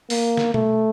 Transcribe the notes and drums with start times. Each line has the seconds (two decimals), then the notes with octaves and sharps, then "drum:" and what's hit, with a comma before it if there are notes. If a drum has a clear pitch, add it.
0.10 A#3, drum: open hi-hat
0.37 drum: snare
0.54 A3, drum: tom B2